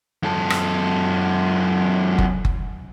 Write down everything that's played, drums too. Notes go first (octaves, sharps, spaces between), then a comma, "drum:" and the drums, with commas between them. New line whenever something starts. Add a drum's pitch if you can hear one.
F#2 A4
drum: rim click
drum: kick F#1
drum: kick F#1